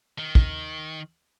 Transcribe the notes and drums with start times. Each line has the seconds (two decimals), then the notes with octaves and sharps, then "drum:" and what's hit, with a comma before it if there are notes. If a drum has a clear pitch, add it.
0.18 D#3
0.35 drum: kick